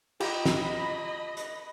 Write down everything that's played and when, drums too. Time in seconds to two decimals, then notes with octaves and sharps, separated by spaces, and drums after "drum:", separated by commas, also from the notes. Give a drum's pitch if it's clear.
0.20 F4 G4 D#5 B5, drum: cymbal
0.45 drum: snare
1.37 drum: hi-hat